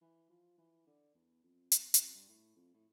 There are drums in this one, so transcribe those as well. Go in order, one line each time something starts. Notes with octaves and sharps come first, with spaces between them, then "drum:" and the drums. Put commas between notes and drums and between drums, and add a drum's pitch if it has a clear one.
E3
F3
E3
D3
E2
F2
E2, drum: hi-hat
G2, drum: hi-hat
F2
G2
A2
F2
A2